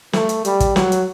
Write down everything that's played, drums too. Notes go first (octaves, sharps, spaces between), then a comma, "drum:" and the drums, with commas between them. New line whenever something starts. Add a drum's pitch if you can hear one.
A3, drum: snare
drum: hi-hat
G3, drum: hi-hat
drum: kick, hi-hat
F#3, drum: snare
drum: hi-hat